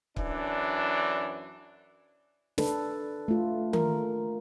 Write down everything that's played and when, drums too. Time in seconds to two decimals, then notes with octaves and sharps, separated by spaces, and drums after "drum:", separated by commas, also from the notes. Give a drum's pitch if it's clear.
0.16 F#2 E3 D4, drum: kick C#1
2.58 D4 A4 B4, drum: snare
3.28 A3 F4
3.73 A#4, drum: tom D#3